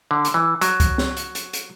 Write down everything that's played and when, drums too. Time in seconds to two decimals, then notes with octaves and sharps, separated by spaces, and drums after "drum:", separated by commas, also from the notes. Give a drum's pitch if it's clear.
0.11 D3
0.25 drum: hi-hat
0.34 E3
0.61 F#3, drum: hi-hat
0.80 drum: kick C#2, hi-hat
0.98 drum: snare
1.17 drum: hi-hat
1.35 drum: hi-hat
1.53 drum: hi-hat